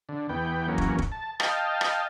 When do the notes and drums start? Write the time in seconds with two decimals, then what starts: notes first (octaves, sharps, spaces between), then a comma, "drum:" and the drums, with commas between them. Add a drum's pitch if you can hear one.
0.09 D3
0.29 E2 B3 G5
0.68 E2 F#3 A#3 C#4
0.78 drum: kick
0.98 drum: kick
1.12 A5
1.40 D#5 F5 G5 A5, drum: rim click
1.81 drum: rim click